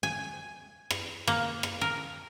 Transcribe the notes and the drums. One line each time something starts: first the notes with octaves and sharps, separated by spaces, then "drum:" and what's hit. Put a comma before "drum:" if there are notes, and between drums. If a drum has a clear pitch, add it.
G#5
drum: rim click
A#3, drum: rim click
drum: rim click
A#4